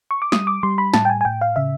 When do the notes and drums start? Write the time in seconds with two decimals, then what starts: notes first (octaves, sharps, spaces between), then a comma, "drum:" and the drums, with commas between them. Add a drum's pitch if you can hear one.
0.11 C#6
0.22 D6
0.32 G3 D#6, drum: snare
0.47 D6
0.63 G3 C6
0.78 B5
0.94 A2 A5, drum: snare
1.05 G5
1.10 G#5
1.21 G#5
1.25 A2 G5
1.41 F5
1.56 C#3 E5